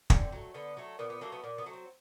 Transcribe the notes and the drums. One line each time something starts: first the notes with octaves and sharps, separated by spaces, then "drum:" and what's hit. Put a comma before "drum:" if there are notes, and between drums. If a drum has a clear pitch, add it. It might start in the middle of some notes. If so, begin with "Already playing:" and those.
D3 C4, drum: kick
F#3 A3
D3 B3
F#3 A3
A#2 B3
B3
F#3 A3 A#3
B3
A#2
B3
F#3 A3
C4